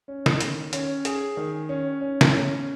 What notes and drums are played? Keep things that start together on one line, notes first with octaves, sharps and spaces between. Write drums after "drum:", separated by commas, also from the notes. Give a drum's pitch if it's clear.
C#4
drum: snare
D#3, drum: hi-hat
C#4, drum: hi-hat
G#4, drum: hi-hat
D#3
C#4
C#4
drum: snare
C#4